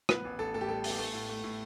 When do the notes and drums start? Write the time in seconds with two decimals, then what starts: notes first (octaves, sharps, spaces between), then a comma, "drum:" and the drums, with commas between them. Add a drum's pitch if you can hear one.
0.09 B3 B4, drum: rim click
0.25 A1
0.39 A1 A4
0.54 A2 A4
0.61 G4
0.68 G3 A4
0.84 B3, drum: open hi-hat
0.90 G4
0.98 A3 A4
1.14 A2
1.29 A3
1.44 A2